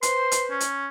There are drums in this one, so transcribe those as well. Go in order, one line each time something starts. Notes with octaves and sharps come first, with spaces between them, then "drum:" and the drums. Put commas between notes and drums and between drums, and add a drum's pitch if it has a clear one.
B4 C5 C6, drum: hi-hat
drum: hi-hat
C#4
drum: hi-hat